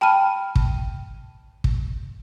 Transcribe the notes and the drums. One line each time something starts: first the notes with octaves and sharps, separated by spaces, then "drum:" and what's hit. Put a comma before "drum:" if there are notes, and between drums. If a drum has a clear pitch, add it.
G5 A5 B5 F6 D#7
drum: kick
drum: kick